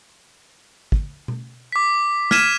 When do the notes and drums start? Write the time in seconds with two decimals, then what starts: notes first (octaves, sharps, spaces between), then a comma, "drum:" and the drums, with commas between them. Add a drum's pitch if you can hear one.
0.92 drum: kick
1.28 drum: tom B2
1.72 D6 B6
2.31 F6 G#6 B6 D#7 E7, drum: snare